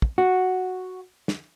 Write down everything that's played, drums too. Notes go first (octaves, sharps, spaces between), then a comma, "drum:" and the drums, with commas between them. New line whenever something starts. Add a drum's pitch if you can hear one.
drum: kick
F#4
drum: snare